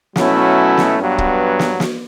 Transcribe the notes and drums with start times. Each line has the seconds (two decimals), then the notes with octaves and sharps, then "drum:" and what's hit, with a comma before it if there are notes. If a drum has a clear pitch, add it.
0.16 B2 F#3 A3 C#4 E4, drum: snare
0.77 drum: snare
0.98 G2 F#3 B3
1.18 drum: kick
1.59 drum: snare
1.80 drum: snare